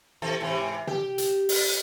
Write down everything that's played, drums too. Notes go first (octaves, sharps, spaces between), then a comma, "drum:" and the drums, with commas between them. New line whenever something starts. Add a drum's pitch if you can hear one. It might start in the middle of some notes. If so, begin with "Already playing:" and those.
C3 E3 A4
G#2 C3 E3
G4, drum: tom
drum: hi-hat
drum: open hi-hat